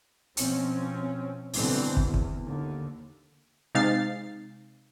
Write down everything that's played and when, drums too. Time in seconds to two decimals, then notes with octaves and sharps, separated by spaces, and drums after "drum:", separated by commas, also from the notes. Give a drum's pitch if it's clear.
0.37 B2 F3 C4 C#4, drum: hi-hat
1.54 G2 B2 D3 E3 A3 C4, drum: open hi-hat
1.97 E2, drum: kick
2.14 drum: kick
2.45 D#2 D3
3.75 C3 G#3 D#4 F5 A6 C7